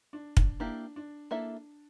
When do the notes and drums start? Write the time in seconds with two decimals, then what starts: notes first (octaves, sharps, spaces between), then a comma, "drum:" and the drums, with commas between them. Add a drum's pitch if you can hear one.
0.13 D4
0.37 D4, drum: kick
0.60 A#3 D4 E4 G4
0.96 D4
1.31 A#3 D4 E4 A4 E5